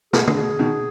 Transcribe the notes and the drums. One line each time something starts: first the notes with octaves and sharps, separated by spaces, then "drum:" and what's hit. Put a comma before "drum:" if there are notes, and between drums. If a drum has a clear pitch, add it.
B2 G#4, drum: snare
D3, drum: tom
B2 G#4
B2 D#3